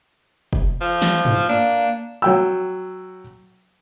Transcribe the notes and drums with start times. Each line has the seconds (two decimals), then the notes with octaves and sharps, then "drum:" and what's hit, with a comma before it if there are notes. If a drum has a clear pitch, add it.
0.53 drum: kick
0.81 F3
1.02 drum: snare
1.25 drum: tom G2
1.49 A#3 D4
2.22 F#3 G5 E6